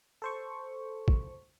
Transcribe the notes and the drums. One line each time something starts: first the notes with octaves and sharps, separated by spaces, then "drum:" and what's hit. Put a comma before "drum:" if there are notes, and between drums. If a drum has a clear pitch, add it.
A4 C5 C#6
drum: kick